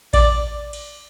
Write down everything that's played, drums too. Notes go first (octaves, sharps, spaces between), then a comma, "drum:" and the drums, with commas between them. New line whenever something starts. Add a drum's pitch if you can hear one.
D5, drum: kick A1, cymbal
drum: cymbal